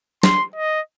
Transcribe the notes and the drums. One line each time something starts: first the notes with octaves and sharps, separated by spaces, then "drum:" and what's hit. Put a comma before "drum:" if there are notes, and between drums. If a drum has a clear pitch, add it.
C6, drum: snare
D#5